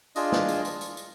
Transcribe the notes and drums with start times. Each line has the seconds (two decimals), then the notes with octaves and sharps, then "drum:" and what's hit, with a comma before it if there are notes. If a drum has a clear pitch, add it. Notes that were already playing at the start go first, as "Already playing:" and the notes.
0.16 D4 F4 G#4 D#5, drum: tambourine
0.32 drum: snare
0.49 drum: tambourine
0.65 drum: tambourine
0.81 drum: tambourine
0.97 drum: tambourine